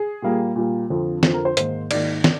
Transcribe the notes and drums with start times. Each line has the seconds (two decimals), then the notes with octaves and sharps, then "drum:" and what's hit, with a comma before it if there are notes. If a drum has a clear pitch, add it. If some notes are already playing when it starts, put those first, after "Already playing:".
Already playing: G#4
0.22 A#2 G3 A#3
0.56 A#2 G3 A#3
0.90 F2 D3 F3 C4
1.23 F2 D3 F3 C4, drum: snare
1.34 A#4
1.45 C5
1.57 G#2 D#3 A#3 C5, drum: hi-hat
1.91 G#2 D#3 A#3 D5, drum: cymbal
2.24 D3, drum: snare